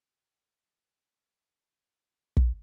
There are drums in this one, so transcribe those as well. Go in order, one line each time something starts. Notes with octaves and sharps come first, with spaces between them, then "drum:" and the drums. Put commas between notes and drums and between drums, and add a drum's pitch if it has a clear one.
G#4 A#4 D#5 E5 G5
G5
D#5 E5
drum: kick